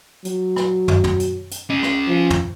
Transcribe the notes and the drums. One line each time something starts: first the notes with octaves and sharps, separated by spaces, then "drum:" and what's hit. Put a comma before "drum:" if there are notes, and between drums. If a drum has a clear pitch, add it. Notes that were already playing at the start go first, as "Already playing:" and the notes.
F#3, drum: hi-hat
drum: rim click
drum: tom
drum: tom
drum: hi-hat
drum: hi-hat
C#4 D#5
drum: rim click
F3
drum: tom